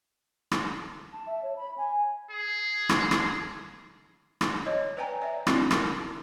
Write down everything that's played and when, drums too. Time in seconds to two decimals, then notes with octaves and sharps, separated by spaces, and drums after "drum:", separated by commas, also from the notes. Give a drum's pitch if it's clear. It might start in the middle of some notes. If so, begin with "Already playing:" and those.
0.51 drum: rim click
1.13 A5
1.27 E5
1.43 C#5
1.56 B5
1.78 G#5
2.30 G#4
2.89 drum: rim click
3.11 drum: rim click
4.41 drum: rim click
4.66 C#5 D#5
4.97 B4 D5 G5 G#5 A#5
5.22 D5 E5
5.47 C4 D4 E4 F#4, drum: rim click
5.71 A#4, drum: rim click